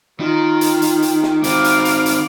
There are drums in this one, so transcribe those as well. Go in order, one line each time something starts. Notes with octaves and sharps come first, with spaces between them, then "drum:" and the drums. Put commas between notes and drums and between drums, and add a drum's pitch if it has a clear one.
D#3 F4
drum: hi-hat
drum: hi-hat
drum: hi-hat
drum: snare
D#3 C4 F5 D6, drum: hi-hat
drum: hi-hat
drum: hi-hat
drum: hi-hat